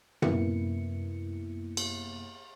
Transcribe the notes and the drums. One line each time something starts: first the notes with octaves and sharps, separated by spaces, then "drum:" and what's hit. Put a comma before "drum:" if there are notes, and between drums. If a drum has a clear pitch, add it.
F#2 C3 A#3 B3 E4 C#7, drum: tom
drum: cymbal